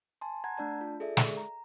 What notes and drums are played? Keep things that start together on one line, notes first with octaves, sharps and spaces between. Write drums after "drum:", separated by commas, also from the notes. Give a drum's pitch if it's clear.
G#5 A5 C6
F#5 A#5 G#6
A3 D4 D5 A5
F4
G#4 A4 D5 E5
drum: snare
A#5